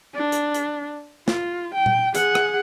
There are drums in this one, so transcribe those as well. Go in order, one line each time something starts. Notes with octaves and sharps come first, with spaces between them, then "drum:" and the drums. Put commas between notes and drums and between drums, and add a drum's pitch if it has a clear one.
D4
drum: hi-hat
drum: hi-hat
F4, drum: snare
G5
drum: tom A#2
G#4 F#5, drum: hi-hat
drum: rim click